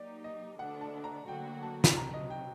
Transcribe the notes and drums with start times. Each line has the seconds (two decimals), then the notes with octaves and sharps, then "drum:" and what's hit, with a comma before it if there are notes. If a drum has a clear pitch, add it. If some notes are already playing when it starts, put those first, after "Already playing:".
Already playing: F#3 A#3 D#4 G4 D5
0.24 D#5
0.59 D2 D3 A3 D4 F#5
0.81 A5
1.04 A#5
1.28 D2 D3 F#3 A#3 F#4 G5
1.62 A5
1.84 drum: snare
1.96 C3 F#3 C4 A#5
2.14 D#5
2.30 G5